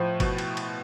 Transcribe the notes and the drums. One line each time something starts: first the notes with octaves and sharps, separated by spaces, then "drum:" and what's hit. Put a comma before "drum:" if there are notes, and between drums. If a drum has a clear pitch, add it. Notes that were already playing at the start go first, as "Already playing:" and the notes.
Already playing: A2 F3
B2, drum: kick G1, cymbal
drum: cymbal
drum: cymbal